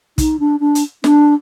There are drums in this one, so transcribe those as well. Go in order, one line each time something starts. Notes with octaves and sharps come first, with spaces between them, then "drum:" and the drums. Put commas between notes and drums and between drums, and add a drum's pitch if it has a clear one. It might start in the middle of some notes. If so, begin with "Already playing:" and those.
D#4, drum: kick, hi-hat
D4
D4
drum: hi-hat
D4, drum: snare